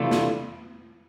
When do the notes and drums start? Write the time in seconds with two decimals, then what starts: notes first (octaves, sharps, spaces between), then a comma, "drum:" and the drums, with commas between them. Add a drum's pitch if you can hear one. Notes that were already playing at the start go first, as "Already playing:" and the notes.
Already playing: C3 E3 A3 D4 F4
0.11 drum: snare